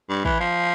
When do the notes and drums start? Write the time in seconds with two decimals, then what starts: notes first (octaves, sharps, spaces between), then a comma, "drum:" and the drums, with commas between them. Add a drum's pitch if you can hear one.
0.09 G2
0.25 E3, drum: kick
0.40 F3